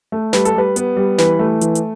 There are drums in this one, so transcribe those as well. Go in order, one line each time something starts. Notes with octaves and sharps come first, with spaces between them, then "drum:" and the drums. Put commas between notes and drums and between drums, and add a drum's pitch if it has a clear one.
A3
G3 B4, drum: snare
A4, drum: hi-hat
G3 B4
B3, drum: hi-hat
G3
E3 B4, drum: snare
A3
E3, drum: hi-hat
drum: hi-hat